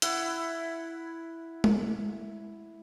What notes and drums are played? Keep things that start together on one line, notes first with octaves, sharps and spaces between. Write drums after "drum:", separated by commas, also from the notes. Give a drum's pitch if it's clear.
E4 F#5, drum: hi-hat
drum: tom G#3